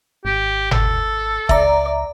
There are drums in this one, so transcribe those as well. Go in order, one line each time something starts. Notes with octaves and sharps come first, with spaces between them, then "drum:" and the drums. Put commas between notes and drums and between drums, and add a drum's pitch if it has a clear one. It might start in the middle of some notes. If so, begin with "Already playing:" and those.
G#1 G4
A4, drum: tom G1
C#2 D5 E5 A#5, drum: kick